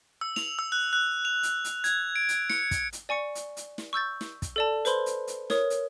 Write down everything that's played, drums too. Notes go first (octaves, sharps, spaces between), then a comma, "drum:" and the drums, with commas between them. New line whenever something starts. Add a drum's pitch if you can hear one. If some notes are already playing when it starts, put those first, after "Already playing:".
E6
F7, drum: snare
E6
F#6
F#6
F7
drum: hi-hat
drum: hi-hat
G#6, drum: hi-hat
D7
drum: hi-hat
C#7, drum: snare
drum: kick, hi-hat
drum: hi-hat
D5 G#5 C#6 C#7
drum: hi-hat
drum: hi-hat
drum: snare
C#6 E6 G6 A6
drum: snare
drum: kick, hi-hat
A4 D5 A5
B4 C5 B5 C6, drum: hi-hat
drum: hi-hat
drum: hi-hat
A#4 C#5 D#6, drum: snare
drum: hi-hat